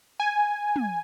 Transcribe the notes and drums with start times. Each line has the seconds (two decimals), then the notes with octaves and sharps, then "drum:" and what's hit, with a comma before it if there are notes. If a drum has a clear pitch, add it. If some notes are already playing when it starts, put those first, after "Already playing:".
0.20 G#5
0.76 drum: tom